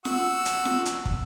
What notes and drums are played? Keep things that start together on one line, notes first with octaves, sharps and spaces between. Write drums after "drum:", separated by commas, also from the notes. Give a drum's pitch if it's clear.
F#4 E6, drum: snare F4
drum: hi-hat
drum: snare F4
drum: hi-hat
drum: kick